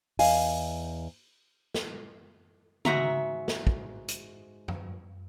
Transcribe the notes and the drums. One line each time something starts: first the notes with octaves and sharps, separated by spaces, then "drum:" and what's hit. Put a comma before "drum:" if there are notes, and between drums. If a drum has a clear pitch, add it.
E2 D#5 F5 G#5, drum: open hi-hat
drum: snare
G#2 F#4 E5 A#5, drum: tom C#3
drum: snare
drum: kick
drum: hi-hat
drum: tom F#2